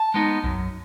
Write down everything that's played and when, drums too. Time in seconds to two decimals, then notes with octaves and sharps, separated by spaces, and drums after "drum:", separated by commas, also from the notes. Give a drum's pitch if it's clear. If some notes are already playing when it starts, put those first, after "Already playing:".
Already playing: A5
0.14 G#3 B3 D#4
0.44 F#2, drum: kick B1